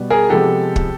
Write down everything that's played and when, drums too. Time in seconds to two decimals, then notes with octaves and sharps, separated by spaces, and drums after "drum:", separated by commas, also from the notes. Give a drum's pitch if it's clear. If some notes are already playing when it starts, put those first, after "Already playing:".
Already playing: B2 G3 B3
0.10 G#4 A#4
0.30 C3 F3 G#3 B3 G4 A4
0.76 drum: kick